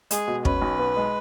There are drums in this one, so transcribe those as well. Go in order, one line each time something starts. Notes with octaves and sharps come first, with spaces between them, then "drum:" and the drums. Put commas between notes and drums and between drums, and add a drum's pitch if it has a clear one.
G#3 G#4, drum: hi-hat
B2
C#4 B4, drum: kick
B1
B3
G#3